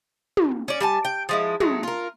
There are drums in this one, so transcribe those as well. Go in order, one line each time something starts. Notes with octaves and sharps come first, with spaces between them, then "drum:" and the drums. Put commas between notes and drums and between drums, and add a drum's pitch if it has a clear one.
drum: tom
C#4 D5
G3 G#5 A5
G5
F3 G#3 E4
F#3 G#3 A3, drum: tom
F4 A#4